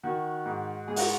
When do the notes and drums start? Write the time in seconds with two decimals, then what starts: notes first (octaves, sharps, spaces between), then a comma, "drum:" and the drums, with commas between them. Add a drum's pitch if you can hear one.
0.03 D#3 F#4
0.46 G#2
0.88 G#3 G#4
0.96 F#4, drum: open hi-hat